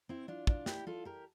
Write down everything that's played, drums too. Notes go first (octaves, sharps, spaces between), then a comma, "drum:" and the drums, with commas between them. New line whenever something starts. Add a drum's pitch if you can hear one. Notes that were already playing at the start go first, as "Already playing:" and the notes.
C4 E4
D4 F4
D4 F4, drum: kick
E4 G4, drum: snare
F4 A4
G4 A#4